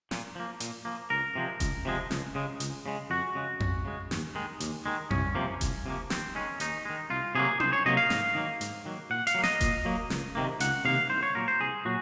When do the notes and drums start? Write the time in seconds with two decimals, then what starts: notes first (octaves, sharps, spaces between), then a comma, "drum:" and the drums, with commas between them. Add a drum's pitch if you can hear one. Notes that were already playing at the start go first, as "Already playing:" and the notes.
0.11 A#2, drum: snare
0.35 F3 A#3
0.60 A#2, drum: hi-hat
0.85 F3 A#3
1.10 C#2 A#4
1.35 C3 F3 G#3
1.60 C#2, drum: kick F1, hi-hat
1.85 C3 F3 G#3
2.11 C#2, drum: snare
2.35 C#3 G#3
2.60 C#2, drum: hi-hat
2.86 C#3 G#3
3.10 F2 F#4
3.35 C#3 G#3
3.60 F2, drum: tom F2
3.85 C#3 G#3
4.11 D#2, drum: snare
4.35 D#3 G#3
4.60 D#2, drum: hi-hat
4.86 D#3 G#3
5.11 C2 C#4, drum: tom F2
5.35 C3 F3 A#3
5.61 C2, drum: kick F1, hi-hat
5.86 C3 F3 A#3
6.10 D#2 C4, drum: snare
6.35 D#3 G#3 C#4
6.60 D#2 D#4, drum: hi-hat
6.85 D#3 G#3
7.10 C2 F4
7.35 C3 F#3 A#3 G#4
7.60 C2 C5, drum: tom C#4
7.73 C#5
7.86 C3 F#3 A#3 D#5
7.97 F5
8.10 G#2, drum: snare
8.35 D#3 F#3 A#3
8.61 G#2, drum: hi-hat
8.85 D#3 F#3 A#3
9.10 A#2 F#5
9.27 F5, drum: hi-hat
9.35 F#3 A#3
9.43 D#5, drum: snare
9.61 A#2, drum: kick F1, hi-hat
9.85 F#3 A#3
10.10 C#2, drum: snare
10.35 C3 D#3 A#3
10.60 C#2 F#5, drum: hi-hat
10.85 C3 D#3 A#3 F5
11.10 C2 C5
11.23 C#5
11.35 A#2 F#3 A#3 A#4
11.48 C5
11.60 C2 G#4
11.85 A#2 F#3 F#4